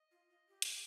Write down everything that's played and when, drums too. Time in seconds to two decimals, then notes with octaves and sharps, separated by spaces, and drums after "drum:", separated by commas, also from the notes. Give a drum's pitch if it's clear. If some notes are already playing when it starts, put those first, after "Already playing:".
Already playing: D#5
0.11 F4
0.30 F4
0.48 G4
0.62 drum: hi-hat